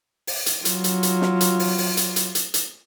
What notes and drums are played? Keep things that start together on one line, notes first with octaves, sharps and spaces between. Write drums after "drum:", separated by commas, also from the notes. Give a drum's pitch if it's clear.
drum: open hi-hat
drum: hi-hat
F#3 F4, drum: hi-hat
drum: hi-hat
drum: hi-hat
drum: snare
drum: hi-hat
drum: open hi-hat
drum: open hi-hat
drum: hi-hat
drum: hi-hat
drum: hi-hat
drum: hi-hat